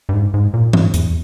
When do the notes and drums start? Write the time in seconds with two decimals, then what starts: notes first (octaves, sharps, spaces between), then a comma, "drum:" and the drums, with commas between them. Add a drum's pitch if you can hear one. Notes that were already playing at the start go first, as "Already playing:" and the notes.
0.09 G2
0.13 G#2
0.34 G#2
0.54 A#2
0.73 G#2, drum: tom E3
0.94 E2, drum: hi-hat